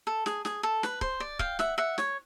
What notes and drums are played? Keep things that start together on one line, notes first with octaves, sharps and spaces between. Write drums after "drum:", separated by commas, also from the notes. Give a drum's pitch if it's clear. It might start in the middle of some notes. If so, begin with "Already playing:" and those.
A4
G#4, drum: snare
G#4, drum: snare
A4
B4, drum: snare
C5, drum: kick C#1
D5
F5 G5, drum: kick C#1
E5 F#5, drum: snare
E5 F#5
C#5, drum: snare